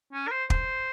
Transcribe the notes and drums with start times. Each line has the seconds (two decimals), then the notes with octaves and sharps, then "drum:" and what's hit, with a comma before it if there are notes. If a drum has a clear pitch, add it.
0.13 C#4
0.27 A#4
0.31 C5
0.50 C5, drum: kick